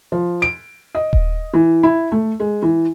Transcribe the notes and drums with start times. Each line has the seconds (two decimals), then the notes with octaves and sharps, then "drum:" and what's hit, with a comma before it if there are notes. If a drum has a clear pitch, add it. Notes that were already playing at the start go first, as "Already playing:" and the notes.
0.12 F3
0.42 D7
0.95 D#5
1.13 drum: kick D#1
1.54 E3
1.83 E4
2.12 A3
2.40 G#3
2.62 E3